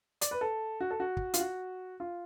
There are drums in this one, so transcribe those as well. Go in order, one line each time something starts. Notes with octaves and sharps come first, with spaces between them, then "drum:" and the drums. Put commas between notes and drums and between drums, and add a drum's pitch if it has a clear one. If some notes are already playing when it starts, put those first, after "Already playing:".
D5, drum: hi-hat
B4
A4
F#4
A4
F#4
drum: kick
F4, drum: hi-hat
F#4
F4